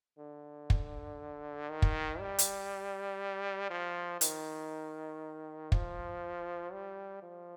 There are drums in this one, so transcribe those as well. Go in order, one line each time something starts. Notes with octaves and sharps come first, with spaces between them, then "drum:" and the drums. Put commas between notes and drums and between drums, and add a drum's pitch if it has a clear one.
D3
drum: kick
D#3
drum: kick
G3
drum: hi-hat
F3
D#3, drum: hi-hat
F3, drum: kick
G3
F3